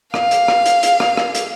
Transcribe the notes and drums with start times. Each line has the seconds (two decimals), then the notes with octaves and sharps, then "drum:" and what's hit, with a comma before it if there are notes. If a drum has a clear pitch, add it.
0.14 F5, drum: rim click
0.31 drum: hi-hat
0.48 drum: rim click
0.66 drum: hi-hat
0.83 drum: hi-hat
1.00 drum: rim click
1.17 drum: rim click
1.35 drum: hi-hat